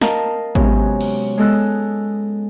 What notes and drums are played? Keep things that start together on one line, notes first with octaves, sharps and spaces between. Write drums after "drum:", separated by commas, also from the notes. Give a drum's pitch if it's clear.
A#4 D#5 F5 A5 A#5, drum: snare
C3 F#3 G#3 B3 C#4, drum: kick
drum: cymbal
G#3 B3 A4 D#5 E6 F#6